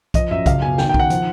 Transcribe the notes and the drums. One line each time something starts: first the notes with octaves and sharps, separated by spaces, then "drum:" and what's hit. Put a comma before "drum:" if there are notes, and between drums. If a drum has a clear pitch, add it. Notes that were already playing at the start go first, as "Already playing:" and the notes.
F3 D#5, drum: kick B1, hi-hat
F#2 E5
C#2 F5, drum: kick B1, hi-hat
B2 G#5
D#3 G5, drum: snare
G5
D#3, drum: kick B1
F#5
F3, drum: hi-hat